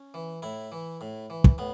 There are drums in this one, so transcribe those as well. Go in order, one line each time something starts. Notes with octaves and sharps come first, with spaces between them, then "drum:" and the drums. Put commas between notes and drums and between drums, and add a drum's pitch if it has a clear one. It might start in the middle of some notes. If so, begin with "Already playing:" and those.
Already playing: C#4
E3
A2 E4
E3
A2
E3
drum: kick
A2 B3